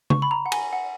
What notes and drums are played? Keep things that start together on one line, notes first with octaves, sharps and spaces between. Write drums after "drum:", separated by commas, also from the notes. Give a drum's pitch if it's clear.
C#6, drum: tom C#3
B5
A#5
F#5
G#5, drum: cymbal
F#5